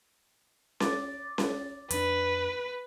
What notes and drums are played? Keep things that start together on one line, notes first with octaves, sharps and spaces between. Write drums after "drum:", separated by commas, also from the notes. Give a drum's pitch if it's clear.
D6 A6, drum: snare C#4
drum: snare C#4
F2 D4 B4, drum: hi-hat